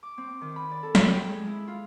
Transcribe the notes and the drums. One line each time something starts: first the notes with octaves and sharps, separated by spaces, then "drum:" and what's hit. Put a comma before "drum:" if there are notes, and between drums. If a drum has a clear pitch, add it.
D6
C4
D#3
B5
D5
A4
drum: snare
G5
G#3
E4
F4